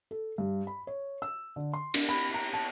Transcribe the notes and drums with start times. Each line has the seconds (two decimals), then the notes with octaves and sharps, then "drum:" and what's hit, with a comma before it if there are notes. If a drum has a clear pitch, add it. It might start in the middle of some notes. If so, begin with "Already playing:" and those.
0.11 A4
0.38 G2
0.67 B5
0.87 C#5
1.22 E6
1.56 D3
1.73 C6
1.94 D4, drum: cymbal
2.09 B5
2.34 A#5
2.54 A5